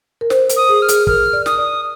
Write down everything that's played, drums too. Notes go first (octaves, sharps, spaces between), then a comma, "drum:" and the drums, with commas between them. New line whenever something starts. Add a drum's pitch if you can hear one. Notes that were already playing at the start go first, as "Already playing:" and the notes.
A#4
C5, drum: snare
A#4, drum: hi-hat
D#6
G#4
F6
G#4, drum: hi-hat
A#4 F6, drum: kick
D5
D#6, drum: snare
D5